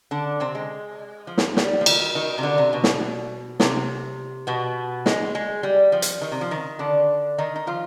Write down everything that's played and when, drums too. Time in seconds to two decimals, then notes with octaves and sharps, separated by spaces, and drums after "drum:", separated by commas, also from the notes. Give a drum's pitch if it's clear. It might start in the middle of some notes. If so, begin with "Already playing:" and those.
0.11 D3 D4
0.40 C3 C4
0.55 G#3
1.27 F3
1.38 drum: snare
1.57 G3, drum: snare
1.81 F3
1.86 D#3, drum: cymbal
2.15 D#3
2.38 C3
2.43 D3
2.58 C3
2.73 B2
2.84 drum: snare
3.60 C3, drum: snare
4.47 B2 B3
5.06 G#3, drum: snare
5.35 G#3
5.63 G3
5.92 F3
6.02 drum: hi-hat
6.21 D#3
6.32 C3
6.41 F3
6.51 D#3
6.79 D3 D4
7.38 D#3 D#4
7.56 D#4
7.67 F3 F4